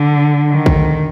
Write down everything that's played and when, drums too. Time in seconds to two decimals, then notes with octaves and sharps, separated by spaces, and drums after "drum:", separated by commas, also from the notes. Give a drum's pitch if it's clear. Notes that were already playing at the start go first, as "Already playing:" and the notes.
Already playing: D3
0.50 D#3
0.66 drum: kick